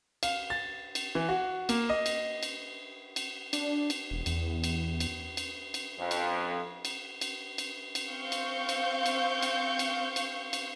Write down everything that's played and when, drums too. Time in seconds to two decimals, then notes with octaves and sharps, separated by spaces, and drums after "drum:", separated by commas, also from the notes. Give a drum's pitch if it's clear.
0.23 F5, drum: cymbal
0.50 A6
0.95 drum: cymbal
1.15 E3
1.29 F#4
1.69 A#3, drum: cymbal
1.90 D#5
2.06 drum: cymbal
2.43 drum: cymbal
3.16 drum: cymbal
3.53 D4, drum: cymbal
3.90 drum: cymbal
4.11 E1
4.26 E2, drum: cymbal
4.64 drum: cymbal
5.00 drum: cymbal
5.37 drum: cymbal
5.74 drum: cymbal
5.99 F2
6.11 drum: cymbal
6.85 drum: cymbal
7.21 drum: cymbal
7.58 drum: cymbal
7.95 drum: cymbal
8.10 C4 F5 C#6 G6
8.32 drum: cymbal
8.69 drum: cymbal
9.06 drum: cymbal
9.42 drum: cymbal
9.79 drum: cymbal
10.16 drum: cymbal
10.53 drum: cymbal